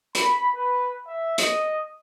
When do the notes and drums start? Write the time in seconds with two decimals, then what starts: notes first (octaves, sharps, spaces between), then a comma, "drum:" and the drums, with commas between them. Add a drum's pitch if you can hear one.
0.15 B5, drum: hi-hat
0.54 B4
1.06 E5
1.38 D#5, drum: hi-hat